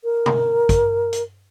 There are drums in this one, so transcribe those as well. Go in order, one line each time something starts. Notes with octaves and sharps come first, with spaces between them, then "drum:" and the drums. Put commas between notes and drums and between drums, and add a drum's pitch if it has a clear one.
A#4
drum: tom B2
drum: kick, hi-hat
drum: hi-hat